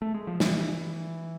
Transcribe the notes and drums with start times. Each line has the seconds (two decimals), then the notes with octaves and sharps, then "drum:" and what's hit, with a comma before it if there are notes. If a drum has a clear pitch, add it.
0.02 A3
0.14 G#3
0.27 F3
0.40 E3, drum: snare